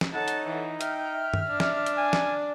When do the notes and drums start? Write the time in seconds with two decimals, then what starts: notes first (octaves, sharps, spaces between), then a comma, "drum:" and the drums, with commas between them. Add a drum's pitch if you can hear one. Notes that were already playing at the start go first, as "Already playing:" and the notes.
0.01 drum: snare
0.14 D#4 A4 C#5 F#5 A5
0.28 drum: hi-hat
0.46 E3
0.81 E5 G5 F6, drum: hi-hat
1.34 drum: tom G2
1.48 D4
1.60 drum: snare
1.86 drum: hi-hat
1.98 G#5
2.13 drum: snare